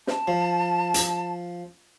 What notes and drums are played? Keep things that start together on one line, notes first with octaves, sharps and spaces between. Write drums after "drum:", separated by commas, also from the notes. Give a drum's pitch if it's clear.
A5, drum: snare
F3
drum: hi-hat